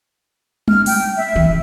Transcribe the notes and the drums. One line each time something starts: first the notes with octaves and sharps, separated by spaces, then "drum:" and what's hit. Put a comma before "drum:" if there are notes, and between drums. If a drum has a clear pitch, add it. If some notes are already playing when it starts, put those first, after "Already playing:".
F6, drum: tom G3
G5, drum: open hi-hat
E5
E3